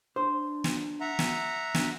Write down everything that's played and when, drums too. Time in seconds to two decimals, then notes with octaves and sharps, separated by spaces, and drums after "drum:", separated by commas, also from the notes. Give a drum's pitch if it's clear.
0.16 D4 C5
0.64 drum: snare
1.01 E5 F#5 A#5
1.19 drum: snare
1.75 D4, drum: snare